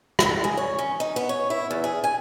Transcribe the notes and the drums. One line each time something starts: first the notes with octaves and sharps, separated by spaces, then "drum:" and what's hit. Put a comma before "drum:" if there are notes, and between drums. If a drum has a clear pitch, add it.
drum: rim click
D5
G#4
C#5
C#4
D#4
B3
C#5
E4
E2
G#4
G#5